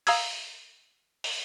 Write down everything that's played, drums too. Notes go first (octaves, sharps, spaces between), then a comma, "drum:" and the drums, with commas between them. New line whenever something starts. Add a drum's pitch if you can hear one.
F5 A#5 D#6 E6 G#6, drum: open hi-hat
drum: open hi-hat